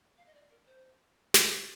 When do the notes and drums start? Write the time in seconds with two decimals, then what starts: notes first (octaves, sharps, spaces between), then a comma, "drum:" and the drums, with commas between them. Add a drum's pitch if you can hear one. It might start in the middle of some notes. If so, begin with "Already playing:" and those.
0.18 F5
0.27 D#5
0.34 D5
0.50 A#4
0.67 C5
1.34 D#5, drum: snare
1.51 C5